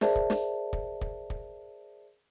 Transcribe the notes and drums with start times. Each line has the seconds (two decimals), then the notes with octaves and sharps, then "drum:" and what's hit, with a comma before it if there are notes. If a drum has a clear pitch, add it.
0.01 G#4 A#4 C5 D5 E5 A5, drum: snare
0.16 drum: kick
0.30 drum: snare
0.73 drum: kick
1.01 drum: kick
1.30 drum: kick